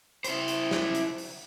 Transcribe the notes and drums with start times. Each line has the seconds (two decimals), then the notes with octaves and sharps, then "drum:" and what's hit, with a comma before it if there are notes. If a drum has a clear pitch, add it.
0.24 E4 C5, drum: hi-hat
0.48 drum: hi-hat
0.71 drum: snare
0.95 drum: hi-hat
1.18 drum: open hi-hat